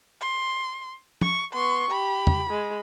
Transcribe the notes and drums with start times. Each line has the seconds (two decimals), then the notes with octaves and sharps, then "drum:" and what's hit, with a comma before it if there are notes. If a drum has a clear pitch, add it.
0.21 C6
1.21 C#6, drum: tom
1.53 B3 C6 C#6
1.91 G4 B5
2.27 drum: tom
2.50 G#3